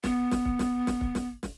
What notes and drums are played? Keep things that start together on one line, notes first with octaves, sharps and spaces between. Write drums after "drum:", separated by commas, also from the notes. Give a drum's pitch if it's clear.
B3, drum: snare
drum: snare
drum: kick
drum: snare
drum: snare
drum: kick
drum: snare
drum: snare